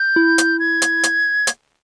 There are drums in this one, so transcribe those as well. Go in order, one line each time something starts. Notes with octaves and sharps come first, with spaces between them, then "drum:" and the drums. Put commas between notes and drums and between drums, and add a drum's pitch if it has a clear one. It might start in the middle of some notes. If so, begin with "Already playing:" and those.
Already playing: G6
E4
drum: hi-hat
G#6
drum: hi-hat
drum: hi-hat
drum: hi-hat